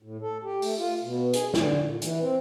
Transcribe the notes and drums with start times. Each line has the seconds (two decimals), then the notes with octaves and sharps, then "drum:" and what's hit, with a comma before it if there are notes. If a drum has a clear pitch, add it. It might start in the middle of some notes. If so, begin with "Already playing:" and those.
0.03 A2
0.22 A4
0.44 G4
0.62 A3, drum: open hi-hat
0.78 F4
1.03 B2
1.33 G#4, drum: hi-hat
1.54 D3, drum: snare
1.85 A#2
2.02 E3, drum: hi-hat
2.22 C4